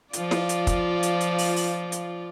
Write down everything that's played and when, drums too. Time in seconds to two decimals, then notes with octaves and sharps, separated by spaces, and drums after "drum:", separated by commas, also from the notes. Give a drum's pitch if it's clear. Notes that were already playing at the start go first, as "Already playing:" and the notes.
0.13 F3 F4 D5, drum: hi-hat
0.31 drum: snare
0.49 drum: hi-hat
0.67 drum: kick, hi-hat
1.03 drum: hi-hat
1.21 drum: hi-hat
1.38 drum: open hi-hat
1.56 drum: open hi-hat
1.92 drum: hi-hat